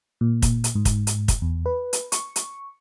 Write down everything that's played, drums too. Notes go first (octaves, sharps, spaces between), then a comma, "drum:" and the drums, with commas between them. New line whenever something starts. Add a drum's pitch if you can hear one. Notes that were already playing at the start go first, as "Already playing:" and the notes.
A#2
drum: kick, hi-hat
drum: hi-hat
G#2
drum: kick, hi-hat
drum: hi-hat
drum: kick, hi-hat
E2
B4
drum: hi-hat
C#6, drum: hi-hat
drum: hi-hat